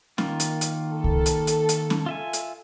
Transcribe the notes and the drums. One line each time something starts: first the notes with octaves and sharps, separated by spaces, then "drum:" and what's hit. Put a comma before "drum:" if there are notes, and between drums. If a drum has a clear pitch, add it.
D#3 A#3 F4, drum: snare
drum: hi-hat
drum: hi-hat
A4
drum: kick C2
drum: hi-hat
drum: hi-hat
drum: hi-hat
drum: snare
F4 E5 G#5
drum: hi-hat